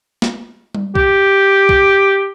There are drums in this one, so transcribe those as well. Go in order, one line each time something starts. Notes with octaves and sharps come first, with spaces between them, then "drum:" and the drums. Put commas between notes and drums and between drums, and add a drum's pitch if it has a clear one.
drum: snare
drum: tom G3
G4, drum: kick
drum: kick